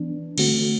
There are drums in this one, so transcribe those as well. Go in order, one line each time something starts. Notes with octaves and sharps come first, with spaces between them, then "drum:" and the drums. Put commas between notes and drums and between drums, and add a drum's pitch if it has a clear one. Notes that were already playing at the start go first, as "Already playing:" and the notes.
Already playing: E3 B3 D4
D3 A3 C4 F#4, drum: cymbal